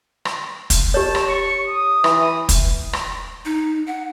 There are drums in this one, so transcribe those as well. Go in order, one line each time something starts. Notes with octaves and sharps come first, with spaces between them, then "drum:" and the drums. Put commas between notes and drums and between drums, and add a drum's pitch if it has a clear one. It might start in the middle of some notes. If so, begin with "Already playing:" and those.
drum: rim click
drum: kick, hi-hat
G4 C#5 A5
drum: rim click
C#6
D#6
E3, drum: rim click
drum: kick, hi-hat
drum: rim click
D#4
F#5